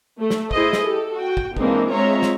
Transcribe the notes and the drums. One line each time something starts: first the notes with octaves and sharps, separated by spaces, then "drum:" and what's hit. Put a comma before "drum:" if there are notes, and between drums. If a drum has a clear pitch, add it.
A3
drum: snare
E4 G#4 C5 D#5, drum: kick
drum: snare
G4 A4
F#4 G5
drum: kick
E3 G#3 A#3 C4 D4 D#4, drum: kick
G#3 C4 F4 C#5 E5 A#5
drum: snare